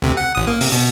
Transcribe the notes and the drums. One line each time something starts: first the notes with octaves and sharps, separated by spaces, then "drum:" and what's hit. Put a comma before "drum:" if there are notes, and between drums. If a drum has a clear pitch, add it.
D2 C3
F#5
A1 D#6
A#3
C3, drum: open hi-hat
B2